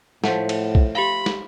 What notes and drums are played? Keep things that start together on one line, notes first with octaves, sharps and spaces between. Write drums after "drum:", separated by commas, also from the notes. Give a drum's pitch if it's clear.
A2 F3 A3 F#5, drum: snare
drum: cymbal
drum: kick B1
G4 F5 B5
drum: snare